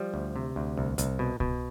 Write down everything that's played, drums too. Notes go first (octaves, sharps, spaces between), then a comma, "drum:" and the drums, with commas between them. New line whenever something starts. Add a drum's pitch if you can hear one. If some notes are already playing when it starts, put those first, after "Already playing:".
Already playing: F3 G3
D2
C3
D2
C2
C2, drum: hi-hat
B2
B2, drum: kick C2